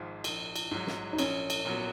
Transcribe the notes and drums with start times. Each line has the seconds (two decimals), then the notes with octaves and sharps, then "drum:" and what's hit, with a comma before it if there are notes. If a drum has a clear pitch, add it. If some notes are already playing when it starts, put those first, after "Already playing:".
Already playing: G#1 G#2 F3
0.24 A#1, drum: cymbal
0.56 drum: cymbal
0.71 G#2 F#3
0.87 drum: snare
1.13 D#4
1.18 A#1 C#4, drum: cymbal
1.50 drum: cymbal
1.65 A#2 F#3 B3 F#4